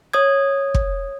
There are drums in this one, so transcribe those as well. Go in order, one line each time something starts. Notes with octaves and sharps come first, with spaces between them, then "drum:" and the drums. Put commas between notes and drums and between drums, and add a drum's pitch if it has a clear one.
C#5 D#6 G#6
drum: kick